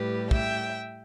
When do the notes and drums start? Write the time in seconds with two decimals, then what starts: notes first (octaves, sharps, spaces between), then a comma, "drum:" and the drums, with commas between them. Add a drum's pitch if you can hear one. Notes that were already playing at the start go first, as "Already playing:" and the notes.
Already playing: A2 G3 G4 B4
0.31 E5 G5, drum: kick